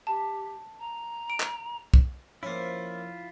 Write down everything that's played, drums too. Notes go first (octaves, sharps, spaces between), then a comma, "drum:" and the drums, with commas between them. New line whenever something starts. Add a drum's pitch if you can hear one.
G4 A5
A#5
D7
drum: clap
drum: kick
F3 A#3 C#4 E4 F4